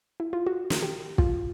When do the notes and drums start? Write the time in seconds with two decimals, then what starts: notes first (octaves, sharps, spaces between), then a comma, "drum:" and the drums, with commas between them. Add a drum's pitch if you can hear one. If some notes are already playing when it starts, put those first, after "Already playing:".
0.20 E4
0.33 F4
0.47 F#4
0.70 drum: snare
0.83 G4
1.18 F4, drum: kick